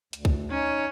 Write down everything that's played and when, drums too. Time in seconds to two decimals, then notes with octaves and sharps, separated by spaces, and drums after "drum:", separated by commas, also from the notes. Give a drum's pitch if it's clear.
0.13 D2, drum: hi-hat
0.25 drum: kick
0.50 C#4 D#4 C#5